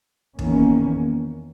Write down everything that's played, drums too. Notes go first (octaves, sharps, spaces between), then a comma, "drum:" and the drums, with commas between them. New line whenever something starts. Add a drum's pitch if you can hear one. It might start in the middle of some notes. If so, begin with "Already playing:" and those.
E2 D#3 A#3 C#4, drum: kick